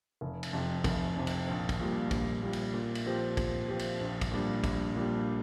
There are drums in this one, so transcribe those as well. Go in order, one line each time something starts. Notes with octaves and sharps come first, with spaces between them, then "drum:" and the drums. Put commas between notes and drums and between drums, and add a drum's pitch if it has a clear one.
F1
drum: cymbal
F2 C3
F1, drum: kick, cymbal
F2 C3
drum: cymbal
A#1
drum: kick, cymbal
A#2 G3
A#1, drum: kick, cymbal
A#2 G3
drum: cymbal
A#2
drum: cymbal
F3 C4 G4
A#2, drum: kick, cymbal
F3 C4 G4
drum: cymbal
A#1
drum: kick, cymbal
A#2 G3 D4
A#1, drum: kick, cymbal
A#2 G3 D4